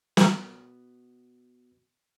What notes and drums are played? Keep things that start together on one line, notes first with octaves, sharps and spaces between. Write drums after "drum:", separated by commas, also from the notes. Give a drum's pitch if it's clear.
B3 F#4, drum: snare